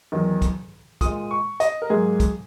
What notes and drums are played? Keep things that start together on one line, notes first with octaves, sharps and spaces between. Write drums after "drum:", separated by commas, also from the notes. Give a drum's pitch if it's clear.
E2 D#3 F#3
drum: kick, hi-hat
A#2 G#3 D#6, drum: kick, hi-hat
C#6
D#5, drum: hi-hat
A#4
G#2 F#3 A#3 G#4
drum: kick, hi-hat